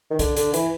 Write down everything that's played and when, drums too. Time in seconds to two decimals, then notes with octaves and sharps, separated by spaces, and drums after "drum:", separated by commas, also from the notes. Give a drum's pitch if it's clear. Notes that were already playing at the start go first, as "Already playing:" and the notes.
0.10 D#3
0.19 D3, drum: kick, hi-hat
0.37 D3, drum: hi-hat
0.54 E3, drum: hi-hat